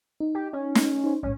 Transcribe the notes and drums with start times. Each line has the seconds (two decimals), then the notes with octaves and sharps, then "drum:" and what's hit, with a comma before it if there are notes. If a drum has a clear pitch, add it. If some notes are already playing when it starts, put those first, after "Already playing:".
0.20 D#4
0.35 G4
0.53 C#4
0.75 drum: snare
1.04 D#4 C5
1.23 A#1 G#2 C#4